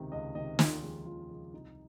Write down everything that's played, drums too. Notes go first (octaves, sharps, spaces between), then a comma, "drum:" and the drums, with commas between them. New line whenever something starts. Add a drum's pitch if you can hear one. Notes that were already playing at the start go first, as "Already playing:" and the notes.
Already playing: C#2 C3 D#3
C#2 D#5
C3 D#3 D#5
D#2 F4, drum: snare
C#3 F3 G#3
D#2 F4
C#3 F3 G#3
C2 D#4